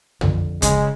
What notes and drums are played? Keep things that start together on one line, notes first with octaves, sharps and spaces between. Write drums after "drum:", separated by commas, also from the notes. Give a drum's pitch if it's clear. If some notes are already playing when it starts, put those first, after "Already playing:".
F2 D3, drum: tom
C#3 G#3, drum: kick, hi-hat